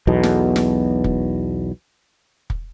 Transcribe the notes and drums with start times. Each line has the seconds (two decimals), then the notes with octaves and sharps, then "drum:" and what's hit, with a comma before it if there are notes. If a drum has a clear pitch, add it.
0.07 B1 E2 B2
0.23 drum: snare
0.56 drum: snare
1.04 drum: kick
2.50 drum: kick